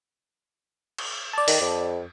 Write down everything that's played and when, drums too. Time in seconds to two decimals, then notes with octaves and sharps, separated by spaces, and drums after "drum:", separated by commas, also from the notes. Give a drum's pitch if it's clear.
0.98 drum: cymbal
1.33 D5 A5
1.48 D#3, drum: open hi-hat
1.61 F2